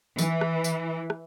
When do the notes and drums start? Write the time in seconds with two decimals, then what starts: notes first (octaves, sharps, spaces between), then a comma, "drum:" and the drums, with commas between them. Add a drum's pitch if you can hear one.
0.19 E3, drum: tambourine
0.41 drum: rim click
0.64 drum: tambourine
1.10 drum: rim click